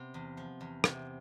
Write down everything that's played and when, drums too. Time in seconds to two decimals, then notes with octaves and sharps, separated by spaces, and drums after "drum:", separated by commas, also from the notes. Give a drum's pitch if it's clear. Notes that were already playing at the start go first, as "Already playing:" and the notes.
Already playing: C3 B3
0.14 E2
0.37 F3
0.61 E2
0.84 C3, drum: rim click